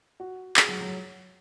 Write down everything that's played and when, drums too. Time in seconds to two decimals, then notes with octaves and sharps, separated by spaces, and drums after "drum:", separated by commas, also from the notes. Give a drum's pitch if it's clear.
0.20 F#4
0.57 G#4, drum: clap
0.68 F#3
0.81 F#3